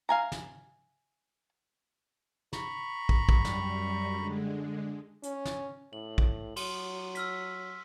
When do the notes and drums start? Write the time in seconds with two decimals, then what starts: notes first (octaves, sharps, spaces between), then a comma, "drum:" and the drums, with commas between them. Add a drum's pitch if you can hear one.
0.09 F5 G#5 A#5
0.32 drum: snare
2.53 A#5 B5 C#6, drum: snare
3.09 drum: kick
3.29 F#2 G3, drum: kick
3.45 drum: snare
4.16 D3 G#3
5.23 C#4, drum: hi-hat
5.45 drum: snare
5.93 A2 F#7
6.18 drum: kick
6.56 F#3 C6 F#7, drum: cymbal
7.15 E6 F6 B6, drum: hi-hat